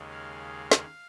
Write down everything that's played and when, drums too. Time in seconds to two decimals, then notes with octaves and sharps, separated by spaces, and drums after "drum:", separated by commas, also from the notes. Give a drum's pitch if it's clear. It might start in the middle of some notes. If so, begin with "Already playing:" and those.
Already playing: D#2 C#3 G#3
0.11 F5
0.71 drum: snare